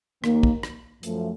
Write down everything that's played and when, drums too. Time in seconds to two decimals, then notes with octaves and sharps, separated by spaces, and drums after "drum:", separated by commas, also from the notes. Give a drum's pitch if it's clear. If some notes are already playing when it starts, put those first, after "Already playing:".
0.24 D#2 D#3 A#3, drum: rim click
0.43 drum: kick
0.63 drum: rim click
1.03 F#2 F3 A3, drum: hi-hat